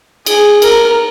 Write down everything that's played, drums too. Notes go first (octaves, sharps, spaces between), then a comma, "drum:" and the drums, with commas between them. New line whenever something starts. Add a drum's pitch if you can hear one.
G#4, drum: cymbal
A#4, drum: cymbal